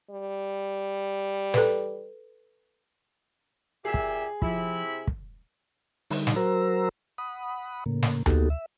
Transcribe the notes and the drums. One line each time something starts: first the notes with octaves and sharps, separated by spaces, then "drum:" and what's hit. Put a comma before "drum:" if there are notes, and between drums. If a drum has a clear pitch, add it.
G3
A4 B4, drum: snare
A#2 G4 G#4 E5
drum: kick
C3 F3 E4 B5, drum: kick
drum: kick
D3 G3 D#4, drum: open hi-hat
drum: snare
F#3 F#4 A#4 C5 A#5 E6
F#5 B5 D#6
A2 C#3 A#3
drum: snare
A#3 B3 D#4 F#4 G4 A4, drum: tom D2
E5